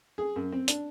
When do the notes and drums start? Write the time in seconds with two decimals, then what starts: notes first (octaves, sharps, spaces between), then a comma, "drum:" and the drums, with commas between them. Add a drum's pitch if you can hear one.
0.18 G#4
0.36 F#2
0.52 C4
0.68 D4, drum: hi-hat